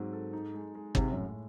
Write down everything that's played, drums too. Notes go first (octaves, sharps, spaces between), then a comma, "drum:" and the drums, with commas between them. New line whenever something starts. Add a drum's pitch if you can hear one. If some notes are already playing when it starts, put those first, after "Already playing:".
Already playing: G#2 F#3 C4
A4
D#4
G#3
G#3
G#2 C3 G#3, drum: kick G1
F#2 A2